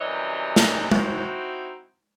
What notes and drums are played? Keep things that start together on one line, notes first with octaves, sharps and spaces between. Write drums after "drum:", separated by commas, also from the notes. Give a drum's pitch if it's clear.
F#2 C3 E3 G3 C#5 D#5
drum: snare
C4 D#4 E4 F#4, drum: tom G#3